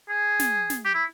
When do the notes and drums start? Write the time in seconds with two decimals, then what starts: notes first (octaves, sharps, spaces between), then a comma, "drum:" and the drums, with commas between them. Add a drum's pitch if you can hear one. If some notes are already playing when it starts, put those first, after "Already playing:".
0.09 G#4
0.39 drum: snare
0.70 drum: snare
0.85 G4
0.94 E4